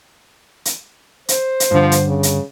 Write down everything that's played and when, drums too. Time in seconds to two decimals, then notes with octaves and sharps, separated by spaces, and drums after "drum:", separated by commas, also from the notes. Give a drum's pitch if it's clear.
0.65 drum: hi-hat
1.28 C5, drum: hi-hat
1.60 drum: hi-hat
1.71 G2 D3 F3
1.92 drum: hi-hat
2.07 C#3
2.23 drum: hi-hat